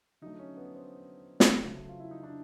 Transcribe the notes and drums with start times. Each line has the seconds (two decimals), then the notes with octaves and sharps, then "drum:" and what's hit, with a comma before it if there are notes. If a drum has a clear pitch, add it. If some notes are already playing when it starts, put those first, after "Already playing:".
0.21 D3 F#3 A3 D#4
0.39 C#4
0.57 B3
0.74 C4
1.40 drum: snare
1.64 C#3 F#3 A3
1.89 F4
2.00 E4
2.11 D#4
2.23 D4